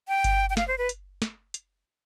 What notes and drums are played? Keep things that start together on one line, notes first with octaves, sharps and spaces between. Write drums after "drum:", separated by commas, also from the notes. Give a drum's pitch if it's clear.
G5
drum: kick G1, hi-hat
G5
F5, drum: snare
C5
B4
drum: hi-hat
drum: snare
drum: hi-hat